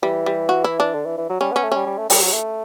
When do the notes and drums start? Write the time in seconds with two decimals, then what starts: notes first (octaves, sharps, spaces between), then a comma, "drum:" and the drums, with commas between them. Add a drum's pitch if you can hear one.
0.03 E3 G3
0.26 G3
0.49 F#4
0.64 E4
0.80 D4
0.94 D3
1.06 E3
1.18 E3
1.30 F#3
1.41 G3 C#4
1.52 B3 C#4
1.64 A3
1.72 G3 C#4
1.86 G3
1.98 A3
2.10 G3, drum: open hi-hat
2.21 F#3
2.33 A3